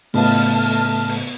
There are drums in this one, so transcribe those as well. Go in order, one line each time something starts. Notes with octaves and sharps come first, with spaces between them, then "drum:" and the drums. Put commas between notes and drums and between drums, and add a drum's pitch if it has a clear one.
A2 C#3 A3 B3 D#5 F5 A5 F6, drum: cymbal
drum: open hi-hat
drum: open hi-hat